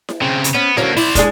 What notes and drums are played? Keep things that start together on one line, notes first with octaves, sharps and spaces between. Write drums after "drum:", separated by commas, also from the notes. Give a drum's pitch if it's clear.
drum: snare E4
C#3 C4
drum: hi-hat
B3 C#4
D3 F#3 A#3 C#4, drum: snare E4
E4 C5 D5, drum: open hi-hat
G#3 D4 G#4, drum: kick, hi-hat